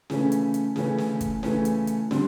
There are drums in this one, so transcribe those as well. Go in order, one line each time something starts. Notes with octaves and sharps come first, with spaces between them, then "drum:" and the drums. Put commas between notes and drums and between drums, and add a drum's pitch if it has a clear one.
C#3 E3 A3 C#4, drum: snare
drum: hi-hat
drum: hi-hat
C#3 E3 A3 C#4, drum: snare
drum: snare
drum: kick, hi-hat
C#3 E3 A3 C#4, drum: snare
drum: hi-hat
drum: hi-hat
D3 G3 C4, drum: snare